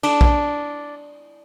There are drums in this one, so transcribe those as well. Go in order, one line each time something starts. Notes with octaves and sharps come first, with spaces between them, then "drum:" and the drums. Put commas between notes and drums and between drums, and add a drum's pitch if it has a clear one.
D4, drum: cymbal
drum: kick A#1